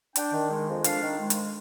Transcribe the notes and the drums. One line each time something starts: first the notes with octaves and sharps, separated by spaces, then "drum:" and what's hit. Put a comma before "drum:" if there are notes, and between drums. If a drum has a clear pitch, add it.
D4 G5, drum: hi-hat
D#3
G#3
F2
D4 F5, drum: hi-hat
D#3
G#3
drum: hi-hat